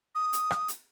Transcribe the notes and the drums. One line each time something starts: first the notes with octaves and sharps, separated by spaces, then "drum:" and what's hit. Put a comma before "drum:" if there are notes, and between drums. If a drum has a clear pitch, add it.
D#6
drum: hi-hat
drum: rim click
drum: hi-hat